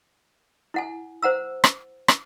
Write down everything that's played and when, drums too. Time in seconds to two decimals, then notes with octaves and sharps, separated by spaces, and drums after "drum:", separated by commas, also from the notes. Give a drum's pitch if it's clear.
0.74 E4 F#5 G#5
1.22 C5 F#5 A#5 E6
1.64 drum: rim click
2.08 drum: rim click